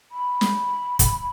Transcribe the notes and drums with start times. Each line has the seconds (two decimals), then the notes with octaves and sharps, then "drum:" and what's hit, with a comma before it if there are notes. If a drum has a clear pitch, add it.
0.12 B5
0.41 drum: snare
0.99 drum: kick, hi-hat